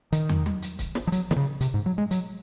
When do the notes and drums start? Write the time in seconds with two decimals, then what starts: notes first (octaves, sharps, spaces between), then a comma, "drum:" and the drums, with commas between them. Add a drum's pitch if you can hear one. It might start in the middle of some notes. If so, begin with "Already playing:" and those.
0.12 D#3, drum: hi-hat
0.29 drum: tom
0.46 drum: tom F#3
0.62 drum: hi-hat
0.79 drum: kick C#1, hi-hat
0.95 drum: snare
1.07 F3
1.12 F#3, drum: hi-hat
1.31 D#3, drum: snare
1.36 C#3
1.60 C3, drum: hi-hat
1.74 G#2
1.86 F#3
1.98 G#3
2.11 F#3, drum: hi-hat